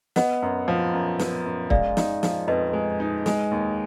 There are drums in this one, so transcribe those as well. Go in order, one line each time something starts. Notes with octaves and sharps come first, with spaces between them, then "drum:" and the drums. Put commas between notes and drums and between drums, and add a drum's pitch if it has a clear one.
B3 D#5 F#5, drum: snare
F#2
F3
F#2
B3, drum: snare
F#2
G#3 D5 F5, drum: kick
D#4, drum: snare
F3, drum: snare
F2 B4 D#5
G#3
D#4
G#3, drum: snare
D#2